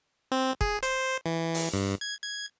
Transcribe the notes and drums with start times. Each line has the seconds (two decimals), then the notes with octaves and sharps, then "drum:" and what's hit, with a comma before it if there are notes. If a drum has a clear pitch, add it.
0.32 C4
0.61 G#4, drum: kick
0.83 C5, drum: hi-hat
1.26 E3
1.54 drum: open hi-hat
1.74 G2
2.01 G#6
2.24 G#6